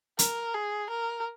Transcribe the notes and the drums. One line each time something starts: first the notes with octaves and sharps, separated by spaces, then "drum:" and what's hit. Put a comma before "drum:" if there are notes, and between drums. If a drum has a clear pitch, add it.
A#4, drum: hi-hat
G#4
A#4